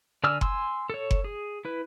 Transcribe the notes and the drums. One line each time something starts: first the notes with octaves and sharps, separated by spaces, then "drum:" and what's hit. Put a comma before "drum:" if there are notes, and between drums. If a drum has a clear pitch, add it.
D3 D5 G#5 E6 F6
G#5 C6 E6, drum: kick F#1
A4 C#5
drum: kick F#1
G#4
E4 B4